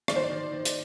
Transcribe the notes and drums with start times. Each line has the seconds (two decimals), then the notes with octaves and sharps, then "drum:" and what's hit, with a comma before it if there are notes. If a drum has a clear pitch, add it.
0.08 D#3 D5, drum: rim click
0.16 C5
0.23 D5
0.30 D#3
0.52 D#3
0.65 drum: hi-hat